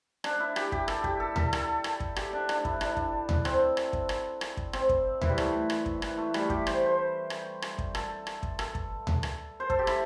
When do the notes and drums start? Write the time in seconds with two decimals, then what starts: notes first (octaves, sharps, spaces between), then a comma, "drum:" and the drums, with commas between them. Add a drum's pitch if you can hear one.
0.24 D4, drum: rim click
0.40 E4
0.56 G4, drum: rim click
0.72 G4, drum: kick
0.88 A4, drum: rim click
1.04 G4, drum: kick
1.20 A4
1.36 A4, drum: tom D2
1.53 A4, drum: rim click
1.84 drum: rim click
2.00 drum: kick
2.16 G4, drum: rim click
2.33 D4
2.49 D4, drum: rim click
2.65 E4, drum: kick
2.81 D4, drum: rim click
2.97 drum: kick
3.29 drum: tom D2
3.45 C4, drum: rim click
3.77 drum: rim click
3.93 drum: kick
4.09 drum: rim click
4.41 drum: rim click
4.57 drum: kick
4.73 C4, drum: rim click
4.89 drum: kick
5.21 E3, drum: tom D2
5.29 G3
5.38 A3, drum: rim click
5.70 drum: rim click
5.86 drum: kick
6.02 E3, drum: rim click
6.18 A3
6.34 G3, drum: rim click
6.50 G4, drum: kick
6.67 C5, drum: rim click
6.86 C5
7.30 drum: rim click
7.62 drum: rim click
7.78 drum: kick
7.95 A4, drum: rim click
8.27 drum: rim click
8.43 drum: kick
8.59 A4, drum: rim click
8.75 drum: kick
9.07 drum: tom D2
9.23 drum: rim click
9.60 C5
9.70 A4, drum: kick
9.79 G4
9.87 E4, drum: rim click